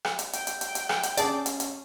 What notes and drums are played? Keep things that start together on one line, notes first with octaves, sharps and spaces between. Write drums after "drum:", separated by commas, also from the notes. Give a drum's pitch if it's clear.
drum: rim click
drum: hi-hat
G5, drum: hi-hat
drum: hi-hat
drum: hi-hat
drum: hi-hat
drum: rim click
drum: hi-hat
C#4 G#4 D5 A5, drum: hi-hat
drum: hi-hat
drum: hi-hat